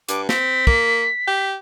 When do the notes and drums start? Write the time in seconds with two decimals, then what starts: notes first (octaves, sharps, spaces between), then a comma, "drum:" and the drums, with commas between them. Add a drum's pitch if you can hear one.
0.09 G2 D6, drum: hi-hat
0.29 C4 B6, drum: snare
0.67 A#3, drum: kick
1.27 G4